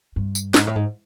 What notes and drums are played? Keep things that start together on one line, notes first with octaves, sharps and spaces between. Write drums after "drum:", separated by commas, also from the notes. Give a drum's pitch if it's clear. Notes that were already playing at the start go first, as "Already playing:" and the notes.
G2
drum: tambourine
G#2, drum: snare
A2
G#2